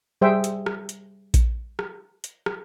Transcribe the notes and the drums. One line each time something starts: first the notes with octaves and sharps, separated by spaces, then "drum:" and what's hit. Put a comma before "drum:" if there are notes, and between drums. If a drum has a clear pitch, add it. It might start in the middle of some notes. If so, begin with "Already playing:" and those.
G3 G#4 C5 E5 G5
drum: hi-hat
drum: rim click
drum: hi-hat
drum: kick A#1, hi-hat
drum: rim click
drum: hi-hat
drum: rim click